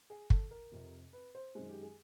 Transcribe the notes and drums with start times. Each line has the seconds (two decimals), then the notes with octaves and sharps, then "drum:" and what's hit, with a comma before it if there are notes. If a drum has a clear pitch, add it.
0.10 G#4
0.30 A4, drum: kick
0.51 A#4
0.72 F1 F2 C3
1.13 B4
1.35 C5
1.55 F#2 D#3 G#3 C5
1.69 G4
1.83 G#4